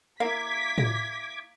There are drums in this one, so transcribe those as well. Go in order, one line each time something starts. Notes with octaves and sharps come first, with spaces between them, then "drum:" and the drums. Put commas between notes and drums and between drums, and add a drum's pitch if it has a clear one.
A#3 E4 F5 D6 G#6 B6
drum: tom A2